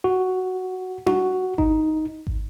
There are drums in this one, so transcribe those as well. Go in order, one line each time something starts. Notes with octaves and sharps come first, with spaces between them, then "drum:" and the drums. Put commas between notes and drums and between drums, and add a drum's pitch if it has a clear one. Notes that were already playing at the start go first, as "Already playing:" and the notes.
F#4
F#4, drum: tom D4
D#4, drum: kick G#1
drum: kick G#1